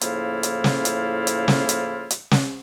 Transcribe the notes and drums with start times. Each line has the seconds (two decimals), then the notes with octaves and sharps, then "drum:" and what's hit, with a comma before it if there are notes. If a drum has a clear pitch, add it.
0.01 A2 C#3 F3 A#3 E4 F4, drum: hi-hat
0.43 drum: hi-hat
0.64 drum: snare
0.85 drum: hi-hat
1.27 drum: hi-hat
1.48 drum: snare
1.69 drum: hi-hat
2.11 drum: hi-hat
2.31 drum: snare